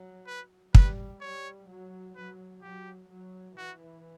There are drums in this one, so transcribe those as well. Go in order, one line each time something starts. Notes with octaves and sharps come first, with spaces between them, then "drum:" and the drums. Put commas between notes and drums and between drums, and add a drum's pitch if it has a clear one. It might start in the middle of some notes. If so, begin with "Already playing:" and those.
Already playing: F#3
B4
G3 B4, drum: kick
G3 C#5
F#3
F#3 B4
F#3 G4
F#3
E3 F#4